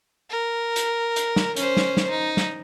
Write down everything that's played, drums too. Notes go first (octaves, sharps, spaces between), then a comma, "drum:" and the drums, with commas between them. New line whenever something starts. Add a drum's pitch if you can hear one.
A#4
drum: hi-hat
drum: hi-hat
drum: snare
C#4 C5, drum: hi-hat
drum: snare
drum: snare
D#4
drum: snare